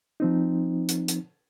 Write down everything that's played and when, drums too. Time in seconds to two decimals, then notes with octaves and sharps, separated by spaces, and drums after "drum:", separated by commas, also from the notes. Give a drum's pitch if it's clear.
0.20 F3 C4 D#4
0.89 drum: hi-hat
1.08 drum: hi-hat